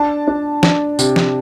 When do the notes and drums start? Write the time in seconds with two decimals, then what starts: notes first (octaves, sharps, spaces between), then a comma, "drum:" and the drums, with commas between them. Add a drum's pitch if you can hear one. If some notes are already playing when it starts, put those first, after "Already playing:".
Already playing: D4 A5
0.28 D4
0.63 D4, drum: snare
0.99 C3, drum: tambourine
1.16 drum: snare